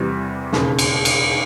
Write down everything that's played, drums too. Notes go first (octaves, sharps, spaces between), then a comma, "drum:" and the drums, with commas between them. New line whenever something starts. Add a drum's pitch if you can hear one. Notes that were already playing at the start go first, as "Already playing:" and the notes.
Already playing: E2 C3 E3 G3
E1 D#2 C#3, drum: snare
drum: cymbal
drum: cymbal